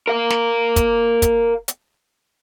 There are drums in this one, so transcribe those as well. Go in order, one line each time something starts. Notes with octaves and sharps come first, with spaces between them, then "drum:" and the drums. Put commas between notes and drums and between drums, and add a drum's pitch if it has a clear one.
A#4 F5
drum: snare
drum: kick, hi-hat
drum: kick, hi-hat
drum: hi-hat